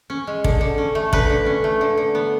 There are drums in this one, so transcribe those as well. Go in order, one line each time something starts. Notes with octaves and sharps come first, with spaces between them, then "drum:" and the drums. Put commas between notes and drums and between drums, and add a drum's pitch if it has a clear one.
C#4
G#3
D3, drum: kick
D3
C#4
A3
D3 B4, drum: kick
D3
C#4
A3
D3
D3
B3